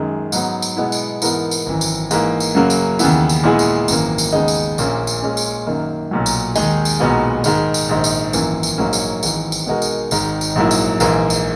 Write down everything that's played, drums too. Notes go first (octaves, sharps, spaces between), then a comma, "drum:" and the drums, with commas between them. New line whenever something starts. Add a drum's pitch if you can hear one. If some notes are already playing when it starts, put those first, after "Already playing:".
Already playing: F#2 D#3 G#3
G#2 F#3 B3, drum: tambourine
drum: tambourine
B2 G#3 B3 E4
drum: tambourine
G#2 E3 B3 E4 A#4, drum: tambourine
drum: tambourine
G#1 F#2 E3
drum: tambourine
G#2 E3 A#3, drum: tambourine
drum: tambourine
F#2 C#3 F#3 A#3
drum: tambourine
D#2 C#3 E3 B3 E4, drum: tambourine
drum: tambourine
A#2 G#3 B3 E4 G#4
drum: tambourine
G#1 F#2 E3 A#3, drum: tambourine
drum: tambourine
D#2 C#3 G#3 B3 D#4
drum: tambourine
A#1 A#2 A#3 C#4, drum: tambourine
drum: tambourine
A#2 G#3 C#4
drum: tambourine
F#2 D#3 A#3
B1 A#2 F#3
drum: tambourine
D#2 D#3 G#3 D#4 G#4, drum: tambourine
drum: tambourine
B1 A#2 G#3 B3 F#4
G#2 D#3 G#3, drum: tambourine
drum: tambourine
A#1 G#2 D#3
drum: tambourine
G#1 F#2 E3 A#3, drum: tambourine
drum: tambourine
A#1 G#2 F#3 A#3 C#4
drum: tambourine
G#1 G#2 E3, drum: tambourine
drum: tambourine
B2 G#3 D#4 F#4 A#4
drum: tambourine
G#1 G#2 D#3, drum: tambourine
drum: tambourine
A#1 G#2 F#3 A#3 E4
drum: tambourine
A#1 G#2 E3 A#3, drum: tambourine
drum: tambourine